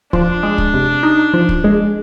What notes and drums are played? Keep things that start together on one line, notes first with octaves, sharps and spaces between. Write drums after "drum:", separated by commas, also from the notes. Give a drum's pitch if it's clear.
F3 D4, drum: kick
G#3
drum: kick
C3
D#4
F3
drum: kick
G#3